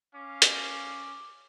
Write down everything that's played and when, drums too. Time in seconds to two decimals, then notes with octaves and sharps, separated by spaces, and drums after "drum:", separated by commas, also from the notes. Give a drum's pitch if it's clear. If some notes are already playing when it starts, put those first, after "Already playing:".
0.15 C#4 F5 D6
0.42 drum: hi-hat